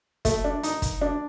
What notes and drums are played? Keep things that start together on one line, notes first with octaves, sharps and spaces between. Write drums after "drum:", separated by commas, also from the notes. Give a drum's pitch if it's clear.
A3, drum: kick, hi-hat
D4
D#4, drum: hi-hat
drum: kick, hi-hat
D4